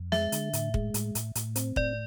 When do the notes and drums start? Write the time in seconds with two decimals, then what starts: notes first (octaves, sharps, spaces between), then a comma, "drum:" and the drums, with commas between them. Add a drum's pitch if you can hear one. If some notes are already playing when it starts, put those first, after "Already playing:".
Already playing: F2
0.12 G#3 E5, drum: snare
0.32 D3, drum: hi-hat
0.53 A2, drum: hi-hat
0.74 G#3, drum: kick
0.94 A2, drum: hi-hat
1.15 A2, drum: hi-hat
1.35 A2, drum: hi-hat
1.56 C4, drum: hi-hat
1.76 A2 D5, drum: kick